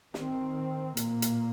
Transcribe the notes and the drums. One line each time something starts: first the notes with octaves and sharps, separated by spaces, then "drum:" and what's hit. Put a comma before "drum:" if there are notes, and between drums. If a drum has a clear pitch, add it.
D#3 C4, drum: snare
A#2 A#3, drum: hi-hat
drum: hi-hat